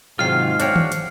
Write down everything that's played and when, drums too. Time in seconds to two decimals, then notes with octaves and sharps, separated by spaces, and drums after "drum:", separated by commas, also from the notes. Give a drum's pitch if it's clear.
0.19 G#2 C3 D#3 F#3 F4 F6 C7
0.60 D4 F#4 C5 C#5 F5 G5, drum: hi-hat
0.76 drum: tom D#3
0.92 drum: hi-hat